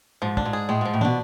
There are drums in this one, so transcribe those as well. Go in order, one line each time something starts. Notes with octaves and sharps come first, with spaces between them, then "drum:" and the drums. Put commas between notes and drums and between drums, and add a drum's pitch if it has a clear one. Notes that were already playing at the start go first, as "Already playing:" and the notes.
G#2 F3
D4, drum: kick
G#2
G#4
A2 G#3
G#2 F3
A2
B2 D4, drum: tom